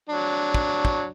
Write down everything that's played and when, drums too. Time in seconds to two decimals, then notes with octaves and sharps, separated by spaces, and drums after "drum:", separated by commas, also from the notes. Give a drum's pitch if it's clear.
0.09 F#3 D4
0.54 drum: kick
0.85 drum: kick